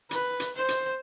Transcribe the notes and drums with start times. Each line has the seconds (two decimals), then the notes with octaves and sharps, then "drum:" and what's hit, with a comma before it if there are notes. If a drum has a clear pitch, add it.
0.11 B4, drum: hi-hat
0.40 drum: hi-hat
0.56 C5
0.69 drum: hi-hat